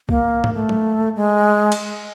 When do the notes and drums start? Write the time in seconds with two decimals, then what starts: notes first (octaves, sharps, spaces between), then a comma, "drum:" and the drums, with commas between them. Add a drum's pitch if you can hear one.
0.09 A#3, drum: kick C2
0.44 drum: tom G#2
0.54 A3
0.69 drum: tom F#3
1.16 G#3
1.72 drum: cymbal